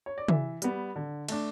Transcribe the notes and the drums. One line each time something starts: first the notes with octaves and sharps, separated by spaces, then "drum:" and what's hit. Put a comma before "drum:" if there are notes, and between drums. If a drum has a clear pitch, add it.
C#5
D5
E3 E5, drum: tom
G3 B3, drum: hi-hat
D3
A3 D4, drum: cymbal